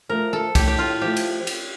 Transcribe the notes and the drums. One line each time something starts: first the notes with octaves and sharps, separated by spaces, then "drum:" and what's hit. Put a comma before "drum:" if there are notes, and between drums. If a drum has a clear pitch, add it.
F3 A3 A#4
A4
A2 G4, drum: kick C2, cymbal
G4
F4
F3 A3 G4
drum: cymbal
drum: cymbal